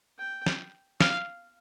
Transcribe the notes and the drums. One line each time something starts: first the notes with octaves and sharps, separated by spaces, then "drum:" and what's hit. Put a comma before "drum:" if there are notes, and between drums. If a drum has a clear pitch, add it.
G5
drum: snare
F5, drum: snare